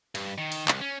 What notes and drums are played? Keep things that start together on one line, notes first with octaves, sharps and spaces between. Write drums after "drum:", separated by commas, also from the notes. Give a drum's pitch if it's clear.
G2, drum: cymbal
D#3
drum: cymbal
C2, drum: clap
C#4